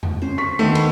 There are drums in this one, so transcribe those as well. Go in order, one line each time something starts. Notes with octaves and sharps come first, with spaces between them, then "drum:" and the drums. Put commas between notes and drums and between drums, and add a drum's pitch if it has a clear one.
drum: tom E2
C#4 C5
C#6 B6
D2 D#3 A3 B3 C5
B5, drum: cymbal